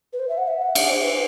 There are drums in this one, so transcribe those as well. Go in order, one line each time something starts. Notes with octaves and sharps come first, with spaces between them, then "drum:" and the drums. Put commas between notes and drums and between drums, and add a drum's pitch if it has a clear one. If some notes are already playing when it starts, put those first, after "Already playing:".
B4
C5
E5
F#5
E5
F#5
E5, drum: cymbal
C5
B4